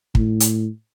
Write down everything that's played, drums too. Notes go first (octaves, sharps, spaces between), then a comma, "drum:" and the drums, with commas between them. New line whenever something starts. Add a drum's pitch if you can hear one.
A2, drum: kick
drum: hi-hat